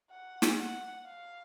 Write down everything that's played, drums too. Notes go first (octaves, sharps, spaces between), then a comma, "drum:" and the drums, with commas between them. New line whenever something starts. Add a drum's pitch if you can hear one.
F#5
drum: snare
F#5
F5